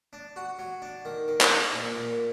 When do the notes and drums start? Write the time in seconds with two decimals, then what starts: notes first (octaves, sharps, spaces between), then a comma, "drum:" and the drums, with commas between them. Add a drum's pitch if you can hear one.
0.13 D4
0.36 F#4
0.59 F#3
0.82 D4
1.05 D#3
1.28 D#3
1.41 drum: clap
1.51 D4
1.73 A#2
1.97 A#2